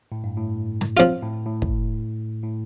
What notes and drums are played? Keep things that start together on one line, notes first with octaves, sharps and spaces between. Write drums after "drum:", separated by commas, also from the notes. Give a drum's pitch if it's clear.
A2
G2
A2
drum: snare
F3 C4 F4
A2
A2
drum: kick
A2